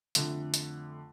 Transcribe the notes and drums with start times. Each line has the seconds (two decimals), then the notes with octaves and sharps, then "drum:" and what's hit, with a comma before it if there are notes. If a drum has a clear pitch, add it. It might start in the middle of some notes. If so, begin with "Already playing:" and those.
0.15 F2 D3 A3, drum: hi-hat
0.54 drum: hi-hat